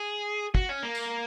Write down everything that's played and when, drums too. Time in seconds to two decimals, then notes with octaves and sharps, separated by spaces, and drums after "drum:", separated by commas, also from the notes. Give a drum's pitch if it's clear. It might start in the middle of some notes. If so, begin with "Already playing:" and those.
Already playing: G#4
0.55 F#4, drum: kick
0.69 C#4
0.83 A#3
0.95 drum: tambourine